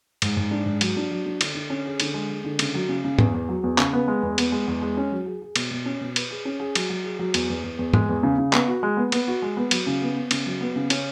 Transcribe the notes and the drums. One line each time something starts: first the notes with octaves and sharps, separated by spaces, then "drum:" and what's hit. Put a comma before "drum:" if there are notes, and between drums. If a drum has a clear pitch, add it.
G#2, drum: cymbal
G#2
D4
G#2
F#3, drum: cymbal
D4
F#3
D4
D3, drum: cymbal
D3
C#4
G#4
D3, drum: cymbal
G#3
G#3
D3
C#3, drum: cymbal
F#3
C#3
C#3
E2, drum: tom G#2
E2
F#3
E2
C#3, drum: clap
B3
G#3
E2
B3, drum: cymbal
G#3
E2
G#3
C#4
F#3
G#4
G#4
B2, drum: cymbal
B2
C#4
B2
B4, drum: cymbal
G#4
C#4
G#4
F#3, drum: cymbal
F#3
G#4
F#3
E2, drum: cymbal
E2
E2
E2
G#3, drum: tom G#2
E2
C#3
C#3
B3, drum: clap
F#4
G#3
B3
B3, drum: cymbal
F#4
G#3
B3
F#3, drum: cymbal
C#3
B3
B3
C#3, drum: cymbal
F#3
B3
C#3
C#4, drum: cymbal